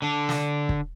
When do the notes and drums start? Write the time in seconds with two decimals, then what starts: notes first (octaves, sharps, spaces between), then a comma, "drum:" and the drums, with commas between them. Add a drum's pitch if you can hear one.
0.02 D3 D4
0.29 drum: snare
0.69 drum: kick